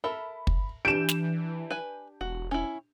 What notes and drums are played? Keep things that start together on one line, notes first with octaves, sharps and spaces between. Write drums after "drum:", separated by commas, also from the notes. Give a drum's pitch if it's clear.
A4 A#4 E5 B5
drum: kick
E3 D4 G4 G6 D7 E7
drum: snare
B4 G#5
E1 F#4
C#4 E4